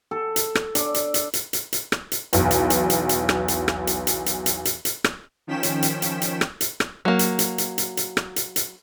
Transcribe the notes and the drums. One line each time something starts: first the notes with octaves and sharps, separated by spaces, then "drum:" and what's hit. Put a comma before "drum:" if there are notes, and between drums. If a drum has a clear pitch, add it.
A4
drum: hi-hat
drum: rim click
D4, drum: hi-hat
drum: hi-hat
drum: hi-hat
drum: hi-hat
drum: hi-hat
drum: hi-hat
drum: rim click
drum: hi-hat
B1 E2, drum: hi-hat
drum: hi-hat
drum: hi-hat
drum: hi-hat
drum: hi-hat
drum: rim click
drum: hi-hat
drum: rim click
drum: hi-hat
drum: hi-hat
drum: hi-hat
drum: hi-hat
drum: hi-hat
drum: hi-hat
drum: rim click
D#3 F3 C#4 G5 B6 E7
drum: hi-hat
drum: hi-hat
drum: hi-hat
drum: hi-hat
drum: rim click
drum: hi-hat
drum: rim click
F#3 A#3
drum: hi-hat
drum: hi-hat
drum: hi-hat
drum: hi-hat
drum: hi-hat
drum: rim click
drum: hi-hat
drum: hi-hat